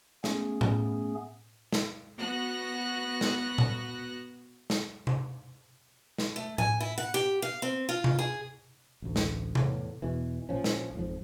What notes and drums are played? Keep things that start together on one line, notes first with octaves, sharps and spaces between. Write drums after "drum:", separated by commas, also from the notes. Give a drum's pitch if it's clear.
A3 B3 C#4 G#4, drum: snare
drum: tom A2
drum: snare
B3 F#4 F#6 A#6
drum: snare
drum: tom A#2
drum: snare
drum: tom C3
drum: snare
A3
G#5, drum: tom A2
E4
F#5
G4
F5
C4
F4
drum: tom C3
G#4
A1 D2
drum: snare
E2 A2, drum: tom C3
E2 B2 E3
A#1 A#2 F3 C#4
drum: snare
G#1 F2 F3